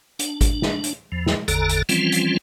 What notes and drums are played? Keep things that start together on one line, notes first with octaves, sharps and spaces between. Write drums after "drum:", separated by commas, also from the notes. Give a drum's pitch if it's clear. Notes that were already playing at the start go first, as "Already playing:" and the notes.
D4, drum: hi-hat
drum: kick G#1, hi-hat
drum: snare
drum: hi-hat
E2 F3
drum: snare
G#1 E2 D3 A4 A#5, drum: hi-hat
drum: hi-hat
E3 F3 G3 C4 C#4 F4, drum: hi-hat
drum: hi-hat